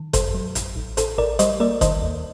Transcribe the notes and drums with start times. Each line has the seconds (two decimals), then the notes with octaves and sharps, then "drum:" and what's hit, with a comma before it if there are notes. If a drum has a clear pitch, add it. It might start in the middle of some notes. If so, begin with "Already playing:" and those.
Already playing: D#3
0.13 F#2 A4 C5, drum: kick G1, hi-hat
0.35 F#3
0.55 A1, drum: hi-hat
0.76 A1
0.97 A1 A4 C5, drum: hi-hat
1.18 A1 A#4 D5
1.39 G3 C5 D#5, drum: hi-hat
1.60 A#3 A#4 D5
1.81 D#3 C5 D#5, drum: kick G1, hi-hat
2.02 D#2